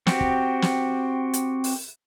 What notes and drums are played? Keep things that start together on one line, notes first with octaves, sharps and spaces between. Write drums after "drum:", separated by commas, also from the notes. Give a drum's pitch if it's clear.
C4 F#4 G4, drum: snare
drum: kick
drum: snare
drum: hi-hat
drum: open hi-hat